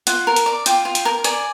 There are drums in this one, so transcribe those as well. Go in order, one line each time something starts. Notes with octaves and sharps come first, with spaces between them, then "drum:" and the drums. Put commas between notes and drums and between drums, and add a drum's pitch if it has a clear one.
F4 F#5, drum: hi-hat
A#4
drum: hi-hat
D5
F4 G5, drum: hi-hat
F4
drum: hi-hat
A#4
D5 G#5, drum: hi-hat